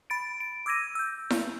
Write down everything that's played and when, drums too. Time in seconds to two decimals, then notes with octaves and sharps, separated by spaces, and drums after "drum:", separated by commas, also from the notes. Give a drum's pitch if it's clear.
0.10 B5 A6 D7
0.40 D7
0.66 D6 E6 G#6 A#6 D#7
0.95 E6 G6
1.30 drum: snare E4